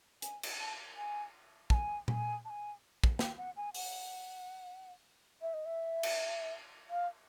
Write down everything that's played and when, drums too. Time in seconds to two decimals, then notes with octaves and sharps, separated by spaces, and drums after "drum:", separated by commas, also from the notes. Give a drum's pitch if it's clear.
0.22 G#5, drum: hi-hat
0.43 drum: cymbal
0.59 A5
0.96 G#5
1.70 A5, drum: kick
1.74 G#5
2.08 G#5, drum: tom A#2
2.45 A5
2.50 G#5
3.04 drum: kick
3.19 G5, drum: snare
3.38 F#5
3.57 G#5
3.75 F#5, drum: open hi-hat
5.42 E5
5.54 D#5
5.66 E5
6.03 drum: cymbal
6.90 F5